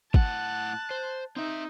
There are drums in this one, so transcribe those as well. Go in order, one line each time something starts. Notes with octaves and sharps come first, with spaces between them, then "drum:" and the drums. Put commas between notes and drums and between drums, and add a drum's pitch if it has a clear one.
A2 F#5 A5 F#6, drum: kick
C5
C4 D#4 E5